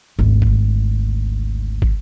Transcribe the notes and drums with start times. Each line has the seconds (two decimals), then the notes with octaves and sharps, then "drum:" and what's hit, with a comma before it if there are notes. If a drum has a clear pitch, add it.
0.19 G#1 D2
0.42 drum: kick
1.82 drum: kick